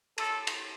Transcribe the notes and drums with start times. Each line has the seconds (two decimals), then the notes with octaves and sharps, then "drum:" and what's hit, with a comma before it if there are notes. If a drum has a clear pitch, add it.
0.18 A4, drum: cymbal
0.47 drum: cymbal